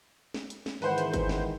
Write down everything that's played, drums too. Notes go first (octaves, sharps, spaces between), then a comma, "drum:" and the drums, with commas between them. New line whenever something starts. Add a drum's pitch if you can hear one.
drum: snare
drum: hi-hat
drum: snare
G#2 D#3 E3 B4 C5 F#5, drum: open hi-hat
drum: hi-hat
drum: kick G1, hi-hat
drum: snare